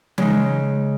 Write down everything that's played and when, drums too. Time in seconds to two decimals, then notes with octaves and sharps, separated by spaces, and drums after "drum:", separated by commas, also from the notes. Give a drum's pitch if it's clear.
0.18 C#3 G#3 D#4, drum: tom E3